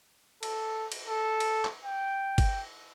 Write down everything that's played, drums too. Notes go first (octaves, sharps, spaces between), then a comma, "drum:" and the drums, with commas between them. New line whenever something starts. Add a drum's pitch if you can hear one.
A4, drum: cymbal
drum: cymbal
A4
drum: cymbal
drum: clap
G5
drum: kick G1, cymbal